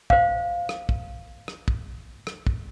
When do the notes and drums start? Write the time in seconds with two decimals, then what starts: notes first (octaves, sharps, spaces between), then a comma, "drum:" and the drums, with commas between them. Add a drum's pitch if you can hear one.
0.10 C5 F5, drum: kick
0.69 drum: rim click
0.89 drum: kick
1.48 drum: rim click
1.68 drum: kick
2.27 drum: rim click
2.47 drum: kick